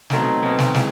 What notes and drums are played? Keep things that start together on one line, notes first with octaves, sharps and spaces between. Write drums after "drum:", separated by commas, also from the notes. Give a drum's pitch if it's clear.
B2 F#3 A3 C4 D#4, drum: snare
B2 F#3 A3 C4 D#4
drum: snare
E3 G#3, drum: snare